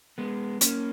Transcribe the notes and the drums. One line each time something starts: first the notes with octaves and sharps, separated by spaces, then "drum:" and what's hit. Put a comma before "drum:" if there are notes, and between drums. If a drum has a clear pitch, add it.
G#3 B3
A#3 C#4, drum: hi-hat